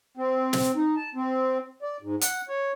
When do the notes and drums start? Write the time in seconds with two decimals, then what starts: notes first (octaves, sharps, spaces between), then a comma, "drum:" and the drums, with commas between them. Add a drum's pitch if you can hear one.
0.17 C4
0.53 drum: snare
0.75 D#4
0.96 A5
1.15 C4
1.83 D5
2.02 G#2
2.21 F#5, drum: hi-hat
2.49 C#5